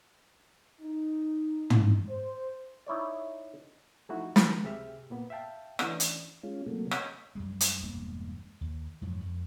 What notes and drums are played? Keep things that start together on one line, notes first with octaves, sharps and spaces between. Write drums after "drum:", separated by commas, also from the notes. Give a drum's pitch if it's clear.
D#4
drum: tom
C5
D#4 E4 C#5 D5
F3 A3 D#4 E4 F#4
D#3 G4 A#5, drum: snare
C#2 C3 G4 G#4 E5 F6
A#2 A#3 B3
E5 F5 G5 A5
E3 A3 C#4 D4 D5, drum: rim click
drum: hi-hat
G#3 C#4 F4
C3 F#3 A3 A#3
C#5 D#5 G5 G#5 B5, drum: rim click
F#2 G3 G#3
drum: hi-hat
E1 G2 G#3 A#3
D#2
F2 G#2 F3 F#3
F2